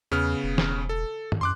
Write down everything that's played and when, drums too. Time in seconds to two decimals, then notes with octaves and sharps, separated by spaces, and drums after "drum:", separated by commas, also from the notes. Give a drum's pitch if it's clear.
0.12 E2 C#3 B3 F6
0.44 E1
0.58 drum: snare
0.89 A4
1.32 drum: tom
1.41 F#2 C6 D6 F#6